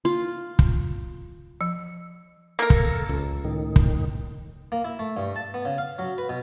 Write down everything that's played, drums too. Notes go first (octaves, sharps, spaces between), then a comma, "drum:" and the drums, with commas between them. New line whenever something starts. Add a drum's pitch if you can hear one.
F4
drum: kick
F3
A#3 A4 A#4
drum: kick
C#2
A2 D#3
drum: kick
A#3
E4
A3
G2
A5
B3
C#3
F5
F#3
B4
B2